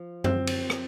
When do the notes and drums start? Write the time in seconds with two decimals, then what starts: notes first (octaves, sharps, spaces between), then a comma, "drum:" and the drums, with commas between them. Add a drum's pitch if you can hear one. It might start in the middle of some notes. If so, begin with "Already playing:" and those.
Already playing: F3
0.24 C4, drum: tom F#2
0.47 drum: cymbal
0.70 drum: rim click